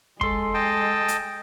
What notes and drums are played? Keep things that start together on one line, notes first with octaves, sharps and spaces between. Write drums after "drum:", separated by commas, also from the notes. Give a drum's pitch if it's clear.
G#3 A4 C6, drum: kick
D#5 G5 A5
drum: hi-hat